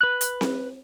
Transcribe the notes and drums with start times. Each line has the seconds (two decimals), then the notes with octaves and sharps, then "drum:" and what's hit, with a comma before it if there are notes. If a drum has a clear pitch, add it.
0.01 B4 F#6
0.21 drum: hi-hat
0.41 drum: snare C4